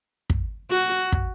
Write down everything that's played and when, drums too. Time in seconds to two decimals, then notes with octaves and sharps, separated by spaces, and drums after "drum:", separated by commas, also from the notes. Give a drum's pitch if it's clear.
0.30 drum: kick
0.70 F#4
1.12 drum: kick